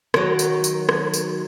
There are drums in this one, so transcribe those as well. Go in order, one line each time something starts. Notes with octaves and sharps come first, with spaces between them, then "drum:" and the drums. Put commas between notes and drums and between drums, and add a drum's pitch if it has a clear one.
D#3 F#3, drum: rim click
drum: tambourine
drum: tambourine
drum: rim click
drum: tambourine